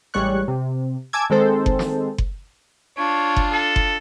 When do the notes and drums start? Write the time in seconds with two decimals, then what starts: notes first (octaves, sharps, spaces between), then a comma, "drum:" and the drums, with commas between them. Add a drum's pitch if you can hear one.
0.14 A1 G3 G#3 C#5 C#6 F#6
0.48 C3
1.13 G#5 A5 D6 E6 G#6
1.30 D#3 G#3 C4 A4 C5
1.66 drum: kick F#1
1.79 drum: snare
2.18 drum: kick F#1
2.98 D4 F4 C#5
3.36 drum: kick F#1
3.52 A4
3.76 drum: kick F#1